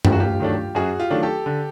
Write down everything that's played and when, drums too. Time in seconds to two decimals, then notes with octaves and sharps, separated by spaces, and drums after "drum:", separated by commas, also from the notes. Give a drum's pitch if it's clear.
0.05 F#2 G4, drum: tom G2
0.12 F#4
0.20 F4 G4
0.40 D#3 F#3 A3 D4
0.75 F#2 F#4 G#4
1.00 F4 G4
1.10 D#3 F#3 A3 D4
1.23 G4 A4
1.46 D3